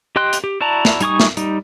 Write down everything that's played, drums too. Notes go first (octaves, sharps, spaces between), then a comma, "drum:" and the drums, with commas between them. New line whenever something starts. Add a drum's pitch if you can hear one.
G4 D#5 G5 C6 F#6
drum: hi-hat
G4
E4 F#4 D5 A5 A#5
drum: snare
G3 D#4 G#5 C#6 D#6, drum: hi-hat
drum: snare
G3 D#4, drum: hi-hat